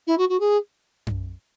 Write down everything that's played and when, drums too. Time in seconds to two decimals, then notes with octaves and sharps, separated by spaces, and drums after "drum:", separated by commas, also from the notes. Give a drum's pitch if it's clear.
0.07 E4
0.18 F#4
0.29 F#4
0.40 G#4
1.07 drum: tom F#2